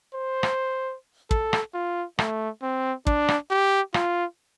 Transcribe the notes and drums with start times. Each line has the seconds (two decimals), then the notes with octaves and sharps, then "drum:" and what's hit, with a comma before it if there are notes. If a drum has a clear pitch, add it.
0.14 C5
0.43 drum: rim click
1.31 A4, drum: kick
1.53 drum: rim click
1.74 F4
2.19 A3, drum: rim click
2.62 C4
3.07 D4, drum: kick
3.28 drum: rim click
3.50 G4
3.94 F4, drum: rim click